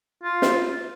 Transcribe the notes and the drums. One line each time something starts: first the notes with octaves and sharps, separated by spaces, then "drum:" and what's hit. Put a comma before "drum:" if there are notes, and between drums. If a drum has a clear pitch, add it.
F4
drum: snare